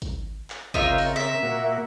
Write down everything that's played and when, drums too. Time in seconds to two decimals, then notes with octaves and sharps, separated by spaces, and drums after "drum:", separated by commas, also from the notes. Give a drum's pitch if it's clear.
0.02 drum: kick, hi-hat
0.50 drum: clap
0.74 C#3 C4 D#4 F4 A#4 E5, drum: kick
0.98 drum: open hi-hat
1.16 E5
1.43 A#2 A#3 F#4